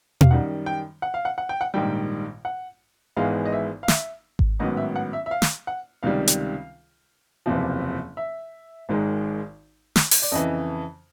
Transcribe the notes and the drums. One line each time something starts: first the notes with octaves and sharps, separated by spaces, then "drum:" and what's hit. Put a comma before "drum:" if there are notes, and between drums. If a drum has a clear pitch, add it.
F5, drum: tom B2
F#2 D#3 G3 F#5
G5
F#5
F5
F#5
F#5
G5
F#5
A#1 G#2 D#3 G3 G5
F#5
G#1 G#2 E3 G#3 B3 F5
D#5
E5
F5
E5, drum: snare
drum: kick G#1
A1 G#2 D#3 F#3 B3 D#5
E5
F#5
E5
E5
F5
drum: snare
F#5
C#2 C3 D#3 G3 F5
drum: hi-hat
F#1 E2 C3 F3
E5
G#1 G#2 D#3 G#3
drum: snare
drum: open hi-hat
D5
F2 C#3 E3 D#5